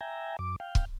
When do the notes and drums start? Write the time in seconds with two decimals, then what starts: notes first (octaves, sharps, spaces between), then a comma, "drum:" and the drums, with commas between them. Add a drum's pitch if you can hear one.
0.01 E5 G5 G#5 A#5
0.39 F#2 D6
0.60 F5 G5
0.75 drum: kick